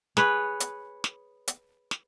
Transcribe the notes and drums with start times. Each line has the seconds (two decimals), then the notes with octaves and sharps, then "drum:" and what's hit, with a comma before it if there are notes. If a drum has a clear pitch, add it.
0.17 G#4 B4 C#5, drum: snare
0.60 drum: hi-hat
1.04 drum: snare
1.48 drum: hi-hat
1.91 drum: snare